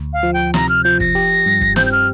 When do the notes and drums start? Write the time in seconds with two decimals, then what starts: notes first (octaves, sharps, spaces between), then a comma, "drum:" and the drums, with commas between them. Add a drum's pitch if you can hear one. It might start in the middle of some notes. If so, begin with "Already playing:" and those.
Already playing: D2
0.13 F5
0.23 F3
0.34 G5
0.54 C3 A#5, drum: snare
0.69 F6
0.84 F3 G6
1.00 A#6, drum: kick
1.15 G4
1.46 G2
1.61 drum: kick
1.76 C4 G6, drum: snare
1.86 G6
1.92 F6